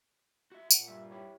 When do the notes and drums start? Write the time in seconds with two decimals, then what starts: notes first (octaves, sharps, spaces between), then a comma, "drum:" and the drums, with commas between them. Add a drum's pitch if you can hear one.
0.52 F#4 E5
0.71 A#2 F#5, drum: tambourine
0.88 G2 E5
1.11 E4 G4 C#5